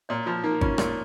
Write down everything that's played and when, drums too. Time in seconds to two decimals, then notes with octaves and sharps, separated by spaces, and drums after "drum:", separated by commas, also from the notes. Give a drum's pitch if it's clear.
0.09 A#2 C#5
0.26 F3 F4
0.43 A#3 D#4
0.61 C#4 F4, drum: kick G#1
0.78 A#2 A#4, drum: rim click